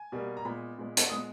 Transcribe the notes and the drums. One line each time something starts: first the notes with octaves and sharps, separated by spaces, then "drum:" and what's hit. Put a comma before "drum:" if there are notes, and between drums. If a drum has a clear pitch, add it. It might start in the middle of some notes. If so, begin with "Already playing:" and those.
Already playing: G#5
B2 G3 A#3
A#5
A#2 G#3 B3 B5
A#2 G#3 B3
drum: hi-hat
A#2 G#3 B3 D#6